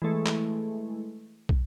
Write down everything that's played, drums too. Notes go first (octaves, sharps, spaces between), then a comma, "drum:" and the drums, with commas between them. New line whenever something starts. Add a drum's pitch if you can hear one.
E3 G#3 A3
drum: clap
drum: kick